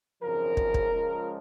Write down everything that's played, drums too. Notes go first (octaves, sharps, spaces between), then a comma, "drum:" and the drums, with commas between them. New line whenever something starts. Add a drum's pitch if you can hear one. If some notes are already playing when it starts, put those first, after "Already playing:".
G#1 F#2 C#3 F3 A#4
drum: kick
drum: kick
C#2 C#3 F3 G#3